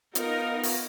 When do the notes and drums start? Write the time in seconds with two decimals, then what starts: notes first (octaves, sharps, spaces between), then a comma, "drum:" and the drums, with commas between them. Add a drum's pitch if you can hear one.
0.15 B3 D#4 F4 A#4, drum: hi-hat
0.63 drum: open hi-hat